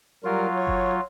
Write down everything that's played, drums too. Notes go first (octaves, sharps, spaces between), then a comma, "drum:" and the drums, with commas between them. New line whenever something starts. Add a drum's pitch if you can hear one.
F#3 G3 F4 A#4
C#5
drum: kick F#1